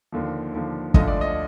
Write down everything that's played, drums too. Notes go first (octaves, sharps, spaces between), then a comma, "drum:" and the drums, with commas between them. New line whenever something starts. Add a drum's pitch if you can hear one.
D#2 D3 F3
D#2 D3 F3
D2 D3 F3 D#5, drum: kick
D5
D#5